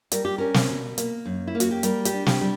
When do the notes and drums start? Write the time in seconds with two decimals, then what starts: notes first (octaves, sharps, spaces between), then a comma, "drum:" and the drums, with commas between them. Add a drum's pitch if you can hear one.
0.12 G3 A#4, drum: hi-hat
0.25 G4
0.38 C#4 A#4
0.54 drum: snare
0.69 B2
0.98 A#3, drum: hi-hat
1.25 F#2
1.47 E4
1.55 A#3
1.60 F#4, drum: hi-hat
1.71 G4
1.83 G3 A#4, drum: hi-hat
2.05 G4, drum: hi-hat
2.12 D4
2.26 G4, drum: snare
2.41 G3